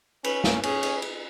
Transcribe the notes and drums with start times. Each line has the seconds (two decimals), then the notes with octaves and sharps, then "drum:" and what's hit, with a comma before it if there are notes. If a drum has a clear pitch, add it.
0.24 C#4 B4, drum: cymbal
0.44 drum: snare
0.63 C#4 G#4, drum: cymbal
0.83 drum: cymbal
1.02 drum: cymbal